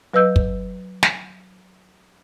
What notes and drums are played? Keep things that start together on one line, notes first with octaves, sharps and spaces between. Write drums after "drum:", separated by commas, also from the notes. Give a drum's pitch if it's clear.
F#3 B4 D#5 E6 G6
drum: kick
drum: snare